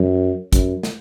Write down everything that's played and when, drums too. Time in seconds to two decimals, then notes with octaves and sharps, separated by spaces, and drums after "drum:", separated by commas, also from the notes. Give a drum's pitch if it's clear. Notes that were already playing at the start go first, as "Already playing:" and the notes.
Already playing: F#2
0.53 F#2, drum: kick, hi-hat
0.83 drum: snare